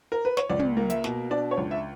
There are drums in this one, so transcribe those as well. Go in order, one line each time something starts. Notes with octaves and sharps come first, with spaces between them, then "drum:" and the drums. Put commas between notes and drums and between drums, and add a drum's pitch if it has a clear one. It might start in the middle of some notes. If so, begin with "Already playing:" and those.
A#4
B4
C#5, drum: snare
C#2 D5
drum: tom
A#3
E5, drum: hi-hat
B2, drum: snare
D4 D5
C#5
C#2
E5